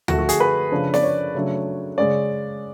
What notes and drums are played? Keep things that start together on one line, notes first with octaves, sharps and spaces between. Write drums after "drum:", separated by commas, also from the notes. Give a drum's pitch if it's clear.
D3 F3 A3 F#4, drum: tom D2
F#4
G#4, drum: hi-hat
B4
C#3 F3 A3 D4
D5, drum: snare
C#5
C#3 F#3 A3 D4
C#3 G#3 C#4 D5